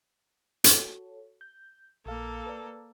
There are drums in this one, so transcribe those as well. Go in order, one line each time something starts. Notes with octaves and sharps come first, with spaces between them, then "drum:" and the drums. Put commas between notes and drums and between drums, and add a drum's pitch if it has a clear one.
F#4 A4 C#5, drum: hi-hat
G6
A#1 A#3 A4 F5
B4 D5